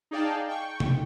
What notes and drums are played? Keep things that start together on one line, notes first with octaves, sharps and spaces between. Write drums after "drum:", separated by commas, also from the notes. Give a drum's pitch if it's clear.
D#4 G#4 D5 F5 G5 A5
G5 C#6
drum: tom B2